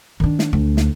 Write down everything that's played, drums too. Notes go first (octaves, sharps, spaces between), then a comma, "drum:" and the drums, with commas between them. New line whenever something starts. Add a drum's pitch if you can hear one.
D#3 D4
drum: snare
D2
drum: snare